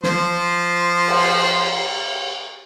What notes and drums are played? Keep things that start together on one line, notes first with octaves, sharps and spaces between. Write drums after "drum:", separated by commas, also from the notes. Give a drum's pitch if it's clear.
F3 C5, drum: snare
drum: cymbal